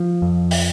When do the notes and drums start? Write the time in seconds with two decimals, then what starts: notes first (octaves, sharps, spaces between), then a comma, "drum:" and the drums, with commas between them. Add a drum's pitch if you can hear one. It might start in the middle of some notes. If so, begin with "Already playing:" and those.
Already playing: F3
0.22 F2
0.51 drum: open hi-hat